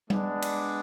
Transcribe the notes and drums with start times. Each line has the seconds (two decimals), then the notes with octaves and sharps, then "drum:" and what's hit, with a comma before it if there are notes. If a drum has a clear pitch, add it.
0.10 G#3 B3 D4, drum: tom G3
0.42 drum: cymbal